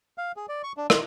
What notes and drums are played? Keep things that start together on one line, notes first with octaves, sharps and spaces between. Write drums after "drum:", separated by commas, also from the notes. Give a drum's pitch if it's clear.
F5
G#4
D5
C#6
D4
C6, drum: rim click